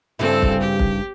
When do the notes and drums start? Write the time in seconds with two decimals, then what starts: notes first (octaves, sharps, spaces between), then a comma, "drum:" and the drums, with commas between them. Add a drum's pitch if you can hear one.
0.19 G2 C#3 C4 E4 A4
0.42 drum: kick
0.61 G4
0.79 drum: kick